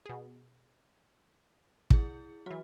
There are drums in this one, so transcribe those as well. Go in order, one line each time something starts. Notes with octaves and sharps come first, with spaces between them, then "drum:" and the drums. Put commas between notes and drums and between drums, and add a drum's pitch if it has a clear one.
B2 G#4
E4 G#4, drum: kick
E3 F#3 F#4